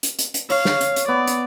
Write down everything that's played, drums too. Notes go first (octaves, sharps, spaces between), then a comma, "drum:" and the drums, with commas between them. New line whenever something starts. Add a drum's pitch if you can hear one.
drum: hi-hat
drum: hi-hat
drum: hi-hat
C#5 F5, drum: open hi-hat
drum: snare
drum: hi-hat
drum: hi-hat
B3 D5
drum: hi-hat